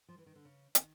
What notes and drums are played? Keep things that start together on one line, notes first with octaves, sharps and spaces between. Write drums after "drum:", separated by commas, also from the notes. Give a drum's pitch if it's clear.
F3
E3
D#3
D3
C#3
D#3, drum: hi-hat